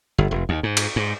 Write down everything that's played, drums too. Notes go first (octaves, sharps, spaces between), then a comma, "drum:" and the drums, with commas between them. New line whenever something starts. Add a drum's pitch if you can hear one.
G1
F1
D#2
G#2
drum: cymbal
G#2